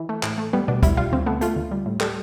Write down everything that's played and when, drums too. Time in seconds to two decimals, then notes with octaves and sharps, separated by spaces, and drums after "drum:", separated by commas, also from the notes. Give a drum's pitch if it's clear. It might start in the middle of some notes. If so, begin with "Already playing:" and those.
Already playing: E3
0.09 A3
0.23 A2, drum: clap
0.38 A3
0.53 G3 B3
0.68 B2 D4
0.83 G3 E4, drum: kick, hi-hat
0.97 G3 F4
1.12 D2 C4
1.26 A3 B3
1.41 A3 F4, drum: hi-hat
1.56 D2
1.71 G3
1.86 A2
2.01 G3 A4, drum: clap